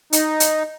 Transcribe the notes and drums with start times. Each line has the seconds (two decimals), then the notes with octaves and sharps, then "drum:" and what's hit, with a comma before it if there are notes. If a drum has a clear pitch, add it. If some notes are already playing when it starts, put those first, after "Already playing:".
0.13 D#4, drum: hi-hat
0.40 drum: hi-hat